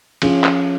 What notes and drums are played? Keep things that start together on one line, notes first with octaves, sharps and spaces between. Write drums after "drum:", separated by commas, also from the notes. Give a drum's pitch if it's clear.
F3 C#4 F4 G#4, drum: cymbal
drum: clap